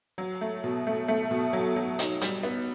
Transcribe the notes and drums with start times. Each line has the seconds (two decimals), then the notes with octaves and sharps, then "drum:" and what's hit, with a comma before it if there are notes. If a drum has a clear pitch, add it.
0.18 F#3
0.41 A3
0.64 B2
0.87 A3
1.08 A3
1.31 B2
1.53 F#3
1.76 F#3
1.99 D#4, drum: hi-hat
2.21 G3, drum: hi-hat
2.43 B3